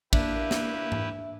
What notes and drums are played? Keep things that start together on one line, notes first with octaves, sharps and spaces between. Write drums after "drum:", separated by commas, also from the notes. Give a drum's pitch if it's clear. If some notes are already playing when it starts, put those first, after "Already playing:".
A#3 D4 E4 G4 B4 E5, drum: kick
drum: snare
drum: tom G#2